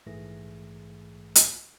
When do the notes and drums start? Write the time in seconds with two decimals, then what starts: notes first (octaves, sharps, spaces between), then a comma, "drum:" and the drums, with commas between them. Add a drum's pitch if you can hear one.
0.06 A#1 G#2 E3 A3 G#4 A#6
1.35 drum: hi-hat